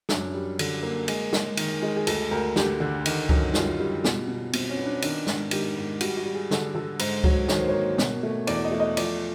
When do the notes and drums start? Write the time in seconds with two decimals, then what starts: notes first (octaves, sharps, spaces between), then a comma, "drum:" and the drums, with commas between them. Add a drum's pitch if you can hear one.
0.09 F#2 D4, drum: snare
0.34 G3
0.59 D3, drum: cymbal
0.83 A#3
1.08 G#3 G#4, drum: cymbal
1.33 G#3, drum: snare
1.57 D#3, drum: cymbal
1.82 G#3
1.96 G#4
2.07 D2 A4, drum: cymbal
2.31 D2 A#4
2.56 D3 G4, drum: snare
2.80 D3
3.05 D#3, drum: cymbal
3.29 F#2, drum: kick C#2
3.54 G3 F4, drum: snare
3.79 G3
4.04 B2, drum: snare
4.28 B2
4.53 B2 C4, drum: cymbal
4.70 C#4
4.77 B3
4.86 D4
5.02 D#3 D4, drum: cymbal
5.27 G#2, drum: snare
5.51 D#3 G4, drum: cymbal
5.76 G#2
6.00 G3 F#4, drum: cymbal
6.17 F#4
6.26 G3
6.34 G#4
6.51 D3 A4, drum: snare
6.75 D3 A4
6.99 G#2 C5, drum: cymbal
7.24 F#3 C#5, drum: kick C#2
7.48 D#3 C#5, drum: snare
7.58 C5
7.68 C#5
7.74 A#3
7.98 B2, drum: snare
8.23 A3
8.47 E2 D5, drum: cymbal
8.64 D#5
8.72 A3
8.80 D#5
8.97 F3 D5, drum: cymbal